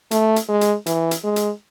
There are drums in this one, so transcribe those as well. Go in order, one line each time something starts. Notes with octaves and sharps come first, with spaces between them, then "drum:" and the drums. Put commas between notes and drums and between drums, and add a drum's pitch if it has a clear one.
A3, drum: hi-hat
drum: hi-hat
G#3
drum: hi-hat
E3, drum: hi-hat
drum: hi-hat
G#3
drum: hi-hat